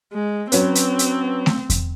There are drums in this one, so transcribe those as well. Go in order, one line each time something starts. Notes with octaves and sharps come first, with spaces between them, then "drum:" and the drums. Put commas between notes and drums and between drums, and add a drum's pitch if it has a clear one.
G#3
F#3 C4 C#4 B4, drum: hi-hat
drum: hi-hat
drum: hi-hat
drum: snare A3
drum: kick E2, hi-hat